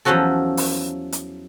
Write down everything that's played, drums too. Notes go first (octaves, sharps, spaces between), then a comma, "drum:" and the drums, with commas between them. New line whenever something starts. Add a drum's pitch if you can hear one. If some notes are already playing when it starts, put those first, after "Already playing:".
E2 F3 F#3 C#4 F#4 A4
drum: open hi-hat
drum: hi-hat